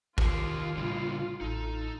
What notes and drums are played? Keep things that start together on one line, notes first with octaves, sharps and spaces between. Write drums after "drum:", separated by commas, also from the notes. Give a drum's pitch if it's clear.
D#3 F4 G4 A#4 F5, drum: kick G#1
A2 C#3 E3 G3 D4
A1 D#4 A4